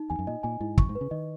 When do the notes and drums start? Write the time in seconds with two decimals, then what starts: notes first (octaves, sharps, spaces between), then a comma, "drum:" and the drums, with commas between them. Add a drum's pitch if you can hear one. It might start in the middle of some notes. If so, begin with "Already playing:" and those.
Already playing: D#4
0.10 E2 G#5
0.19 F#2
0.27 A#2 D#5
0.43 A#2 G#5
0.60 G#2 E4
0.78 F#2 C#6, drum: kick
0.89 G#2
0.95 B4
1.01 C#3
1.11 D#3 D#5